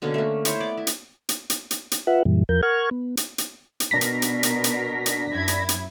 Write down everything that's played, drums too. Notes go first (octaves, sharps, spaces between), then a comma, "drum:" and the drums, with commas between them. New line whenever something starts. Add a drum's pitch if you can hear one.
B2 D3 A#3 C#4
A3 A#3
E4 C5 C#5, drum: hi-hat
B3 D5 D6
E4
drum: hi-hat
drum: hi-hat
drum: hi-hat
drum: hi-hat
drum: hi-hat
F4 B4 E5 F#5
F#2 A#2 E3 G3
E2 F3 A#4 G6
A#4 F#5 C#6 F6 G#6
B3
drum: hi-hat
drum: hi-hat
drum: hi-hat
B2 D4 A#4 A#6 B6
drum: hi-hat
drum: hi-hat
drum: hi-hat
drum: hi-hat
drum: hi-hat
F#2 E4 G#6
drum: hi-hat
drum: hi-hat